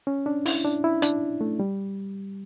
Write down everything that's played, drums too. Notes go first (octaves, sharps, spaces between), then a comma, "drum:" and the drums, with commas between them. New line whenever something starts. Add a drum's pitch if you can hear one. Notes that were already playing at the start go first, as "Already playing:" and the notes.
C#4
D4
E4, drum: open hi-hat
D4
E4
D4, drum: hi-hat
A3
G3